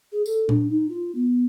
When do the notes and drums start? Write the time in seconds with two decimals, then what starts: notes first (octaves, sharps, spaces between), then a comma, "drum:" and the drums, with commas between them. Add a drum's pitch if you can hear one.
0.12 G#4
0.26 A4, drum: tambourine
0.49 D4, drum: tom A#2
0.70 D#4
0.89 F4
1.15 B3